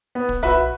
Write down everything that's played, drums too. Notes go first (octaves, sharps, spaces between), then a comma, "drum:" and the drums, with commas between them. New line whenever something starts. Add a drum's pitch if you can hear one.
B3
drum: kick
F#4 B4 E5, drum: tom B1